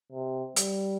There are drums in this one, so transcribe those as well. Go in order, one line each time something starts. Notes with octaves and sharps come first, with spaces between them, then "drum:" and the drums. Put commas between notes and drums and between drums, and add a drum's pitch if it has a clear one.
C3
G3, drum: hi-hat